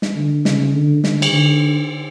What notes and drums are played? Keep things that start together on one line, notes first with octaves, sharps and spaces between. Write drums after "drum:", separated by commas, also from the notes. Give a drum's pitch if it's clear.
drum: snare
D3
C#3, drum: snare
D3
D3, drum: snare
drum: cymbal
D3